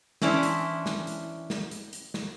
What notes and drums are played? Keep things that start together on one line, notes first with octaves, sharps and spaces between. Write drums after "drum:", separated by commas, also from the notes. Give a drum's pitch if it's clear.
E3 C#4 D4 E4 C5, drum: snare
drum: hi-hat
drum: snare
drum: hi-hat
drum: snare
drum: hi-hat
drum: hi-hat
drum: snare